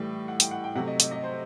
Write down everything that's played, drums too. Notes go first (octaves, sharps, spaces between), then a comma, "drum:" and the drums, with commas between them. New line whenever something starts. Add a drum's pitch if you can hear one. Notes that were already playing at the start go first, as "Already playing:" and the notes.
Already playing: A2 E3 G3
F#5
G5, drum: hi-hat
F#5
G5
C3 F#3 A3 F#5
D#5
D#5, drum: hi-hat
D#5
C5